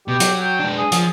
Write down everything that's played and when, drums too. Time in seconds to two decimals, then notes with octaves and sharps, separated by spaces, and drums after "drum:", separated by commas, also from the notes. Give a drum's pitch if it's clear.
0.08 B2 G4
0.20 F#3, drum: hi-hat
0.40 G5
0.60 G#3 D4
0.78 G#4
0.92 F3 G#4, drum: hi-hat